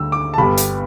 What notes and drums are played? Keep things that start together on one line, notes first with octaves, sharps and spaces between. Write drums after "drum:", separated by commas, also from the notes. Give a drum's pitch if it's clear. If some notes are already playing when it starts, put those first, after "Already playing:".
Already playing: D2 D3 G3 E6
D6
A5
G1 G2 G3 B3 B5
drum: hi-hat